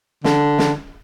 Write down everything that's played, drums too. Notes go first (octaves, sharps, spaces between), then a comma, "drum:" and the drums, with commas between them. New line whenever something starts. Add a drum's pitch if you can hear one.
D3, drum: snare
drum: snare